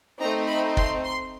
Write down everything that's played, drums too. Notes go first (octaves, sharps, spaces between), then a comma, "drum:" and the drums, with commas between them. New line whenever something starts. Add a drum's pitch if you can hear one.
A3 C4 D#4 A#5
B5
C6, drum: kick
C6